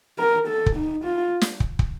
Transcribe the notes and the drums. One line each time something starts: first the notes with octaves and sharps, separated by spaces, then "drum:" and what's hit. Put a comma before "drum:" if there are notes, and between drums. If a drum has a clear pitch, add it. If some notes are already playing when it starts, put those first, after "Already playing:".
A#4
A4
drum: kick
D#4
F4
drum: snare
drum: kick
drum: kick